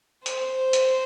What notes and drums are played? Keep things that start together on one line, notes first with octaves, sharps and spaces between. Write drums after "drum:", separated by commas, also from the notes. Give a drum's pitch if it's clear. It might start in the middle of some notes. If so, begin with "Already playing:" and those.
C5, drum: hi-hat
drum: hi-hat